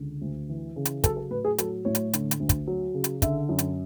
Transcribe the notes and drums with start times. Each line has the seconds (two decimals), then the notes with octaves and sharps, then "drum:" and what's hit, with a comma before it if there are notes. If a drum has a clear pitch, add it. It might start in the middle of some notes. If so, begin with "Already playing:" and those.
Already playing: C#2 D3
0.22 D2
0.49 E3
0.76 C#3
0.85 drum: hi-hat
1.04 F#3 A4, drum: kick, hi-hat
1.17 A4
1.31 A2 B4
1.45 G#4
1.58 F#3 A4, drum: hi-hat
1.85 A2 C#5
1.95 drum: hi-hat
2.13 D3, drum: hi-hat
2.31 drum: hi-hat
2.40 D2
2.49 drum: kick, hi-hat
2.68 F#3
2.94 C#3
3.04 drum: hi-hat
3.22 D3 E5, drum: kick, hi-hat
3.49 F#2
3.59 drum: hi-hat